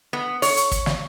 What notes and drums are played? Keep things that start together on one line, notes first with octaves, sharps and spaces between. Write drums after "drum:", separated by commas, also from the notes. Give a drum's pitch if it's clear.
B3
C#5, drum: open hi-hat
drum: hi-hat
drum: kick, hi-hat
drum: snare